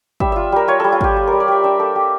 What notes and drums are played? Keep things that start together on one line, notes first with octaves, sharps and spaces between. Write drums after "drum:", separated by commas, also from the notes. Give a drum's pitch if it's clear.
G3 E5, drum: kick
F4 E5
G3 A#4
F4 C#5
G3 A4
F4
G3 G4, drum: kick
G3
G3 A#4
D5
G3 E5
D4 E5
A#3 A4
A#3 G4